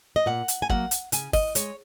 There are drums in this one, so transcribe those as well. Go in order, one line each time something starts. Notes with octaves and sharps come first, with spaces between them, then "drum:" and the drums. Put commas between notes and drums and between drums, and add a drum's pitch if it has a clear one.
D#5
A#2 F#5
drum: hi-hat
G#5
F#3 A#3 F#5, drum: kick
drum: hi-hat
C#3 G#5, drum: hi-hat
D#5, drum: kick, open hi-hat
G#3 C#5, drum: hi-hat